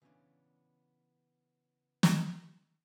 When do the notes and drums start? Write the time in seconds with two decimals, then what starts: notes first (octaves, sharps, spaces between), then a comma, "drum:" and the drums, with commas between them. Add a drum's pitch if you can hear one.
0.02 C#3 E3 A3 B3 C#4 D4
2.03 drum: snare